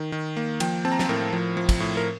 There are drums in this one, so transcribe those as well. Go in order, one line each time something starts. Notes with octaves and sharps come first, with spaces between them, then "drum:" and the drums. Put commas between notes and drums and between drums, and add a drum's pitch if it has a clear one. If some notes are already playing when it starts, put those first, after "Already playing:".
Already playing: D#3
D#3
A#3
F3 G5, drum: cymbal
C4 A5
A#5
A5, drum: snare
A2 A#4
F3
F3
drum: kick, cymbal
A2
A#4